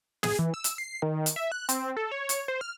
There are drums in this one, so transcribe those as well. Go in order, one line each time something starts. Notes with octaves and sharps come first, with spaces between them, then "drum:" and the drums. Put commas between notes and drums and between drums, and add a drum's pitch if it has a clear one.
G#4, drum: snare
E3
E6
drum: hi-hat
C7
D#3
drum: hi-hat
E5
F#6
C4, drum: hi-hat
A4
C#5
drum: hi-hat
C5
F6